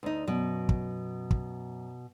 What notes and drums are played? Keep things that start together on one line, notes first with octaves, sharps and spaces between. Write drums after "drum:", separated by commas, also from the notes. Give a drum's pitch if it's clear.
D2 D#4
F#2 B2
drum: kick
drum: kick